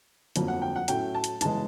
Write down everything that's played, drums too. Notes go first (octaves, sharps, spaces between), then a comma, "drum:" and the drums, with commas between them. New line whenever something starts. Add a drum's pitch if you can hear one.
G1 F2 D3 F#3 A#3, drum: hi-hat
F#5
G5
F#5
A2 F#3 A3 C#4 G5, drum: hi-hat
A5
drum: hi-hat
G1 C#3 E3 G#3 A5, drum: hi-hat